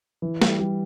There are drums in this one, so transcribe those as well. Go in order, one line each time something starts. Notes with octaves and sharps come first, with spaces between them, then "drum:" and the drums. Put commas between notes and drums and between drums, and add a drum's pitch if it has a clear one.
E3
G3, drum: snare
G3